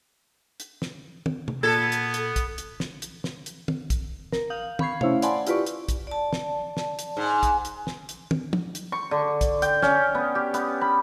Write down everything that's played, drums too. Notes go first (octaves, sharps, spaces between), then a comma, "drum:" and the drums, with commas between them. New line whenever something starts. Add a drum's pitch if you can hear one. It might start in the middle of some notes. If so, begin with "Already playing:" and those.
drum: hi-hat
drum: snare
drum: tom
drum: tom
A#2 B3 A4 G#6
drum: hi-hat
drum: hi-hat
drum: kick A#1, hi-hat
drum: hi-hat
drum: snare
drum: hi-hat
drum: snare
drum: hi-hat
drum: tom
drum: kick A#1, hi-hat
A#4, drum: snare
F5 D#6 G6 F#7
F5 B5 C#6 G#6 C7, drum: tom
A3 C#4 E4 C5 C#5 F5, drum: tom
D5 F#5 G#5 A5 B5 C6, drum: hi-hat
E4 F4 G4 B4 D5 C#6, drum: hi-hat
drum: hi-hat
drum: kick A#1, hi-hat
D5 A5
drum: snare
drum: snare
drum: hi-hat
G#2
drum: kick A#1, hi-hat
drum: hi-hat
drum: snare
drum: hi-hat
drum: tom
drum: tom
drum: hi-hat
C#6
D3
drum: kick A#1, hi-hat
G5, drum: hi-hat
C#4, drum: snare
B3
G4
B3, drum: hi-hat
B5